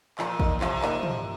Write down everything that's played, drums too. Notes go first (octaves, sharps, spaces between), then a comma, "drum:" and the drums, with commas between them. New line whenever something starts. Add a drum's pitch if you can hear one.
A#2 F3, drum: clap
A#3 D#4, drum: kick
C3 F3, drum: clap
A#3 D#4, drum: clap
F3, drum: tom